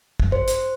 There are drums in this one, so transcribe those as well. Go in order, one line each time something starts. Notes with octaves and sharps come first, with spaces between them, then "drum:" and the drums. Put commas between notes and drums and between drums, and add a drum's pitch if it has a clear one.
drum: kick A1
C5
drum: hi-hat